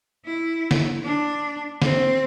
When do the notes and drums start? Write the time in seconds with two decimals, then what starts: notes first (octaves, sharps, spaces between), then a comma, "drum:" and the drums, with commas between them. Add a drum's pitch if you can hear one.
0.25 E4
0.71 drum: snare
1.04 D4
1.82 C4, drum: snare